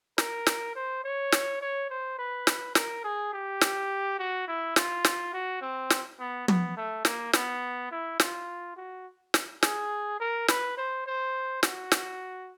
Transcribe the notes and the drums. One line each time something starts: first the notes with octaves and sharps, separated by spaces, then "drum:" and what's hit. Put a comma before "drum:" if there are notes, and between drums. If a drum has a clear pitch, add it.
A#4, drum: snare
drum: snare
C5
C#5
drum: snare
C#5
C5
B4
drum: snare
A#4, drum: snare
G#4
G4
drum: snare
F#4
E4
F4, drum: snare
drum: snare
F#4
C4
drum: snare
B3
B3, drum: tom
A3
A#3, drum: snare
B3, drum: snare
E4
F4, drum: snare
F#4
drum: snare
G#4, drum: snare
A#4
B4, drum: snare
C5
C5
F#4, drum: snare
drum: snare